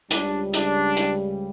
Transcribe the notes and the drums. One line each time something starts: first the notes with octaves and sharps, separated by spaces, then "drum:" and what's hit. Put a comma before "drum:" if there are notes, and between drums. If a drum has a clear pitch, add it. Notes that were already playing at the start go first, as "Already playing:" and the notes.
C#2 C#3 G3 D4, drum: hi-hat
D4, drum: hi-hat
drum: hi-hat